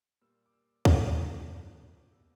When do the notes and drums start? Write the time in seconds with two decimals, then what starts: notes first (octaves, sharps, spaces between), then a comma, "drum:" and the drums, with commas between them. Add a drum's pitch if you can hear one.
0.22 A#2 G3 A#3 E6
0.46 D6
0.53 E6
0.85 A#2 A#3 F#6, drum: kick
1.48 C#3 E3 G3 A#3 G6
1.65 F#6
1.97 D6
2.12 B2 G3 A#3 E6